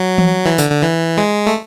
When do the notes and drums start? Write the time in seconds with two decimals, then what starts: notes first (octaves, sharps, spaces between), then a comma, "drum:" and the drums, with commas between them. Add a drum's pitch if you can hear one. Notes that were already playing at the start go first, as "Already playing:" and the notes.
Already playing: F#3
0.18 drum: tom E3
0.46 E3
0.58 D3, drum: tambourine
0.70 D3
0.82 E3
1.17 G#3
1.47 A3